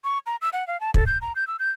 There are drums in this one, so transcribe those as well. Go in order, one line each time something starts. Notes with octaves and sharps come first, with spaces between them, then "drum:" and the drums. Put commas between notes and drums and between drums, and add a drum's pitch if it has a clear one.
C#6
A#5
E6
F#5
F5
A5
A4, drum: kick
G6
A#5
G6
E6
G6